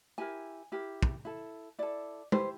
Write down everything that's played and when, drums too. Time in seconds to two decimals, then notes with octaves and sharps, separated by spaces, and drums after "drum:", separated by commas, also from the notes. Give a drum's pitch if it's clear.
0.18 E4 G4 A#4 G#5
0.72 E4 G4 A#4
1.03 drum: kick
1.25 E4 A4
1.79 E4 A4 D5
2.32 E4 G4 B4 C5, drum: tom